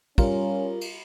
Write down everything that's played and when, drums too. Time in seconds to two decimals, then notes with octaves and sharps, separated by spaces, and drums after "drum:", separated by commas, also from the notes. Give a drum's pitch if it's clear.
0.18 G3 C#4 F4 A#4, drum: kick, cymbal
0.81 drum: cymbal